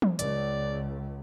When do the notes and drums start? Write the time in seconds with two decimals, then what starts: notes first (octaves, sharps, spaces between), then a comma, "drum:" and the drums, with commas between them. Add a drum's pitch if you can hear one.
0.02 drum: tom
0.19 C#2 D5, drum: hi-hat